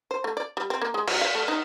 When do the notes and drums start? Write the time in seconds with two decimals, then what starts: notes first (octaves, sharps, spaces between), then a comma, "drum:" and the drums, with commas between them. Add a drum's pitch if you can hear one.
0.11 C5
0.24 A3
0.37 D5
0.57 G3
0.70 C4
0.82 A#3
0.94 G#3
1.08 F#3, drum: cymbal
1.21 F5
1.35 A3
1.48 D#4